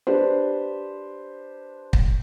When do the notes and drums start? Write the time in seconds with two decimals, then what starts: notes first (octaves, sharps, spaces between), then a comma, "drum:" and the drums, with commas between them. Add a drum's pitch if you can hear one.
0.07 D4 G4 B4 C5
1.93 drum: kick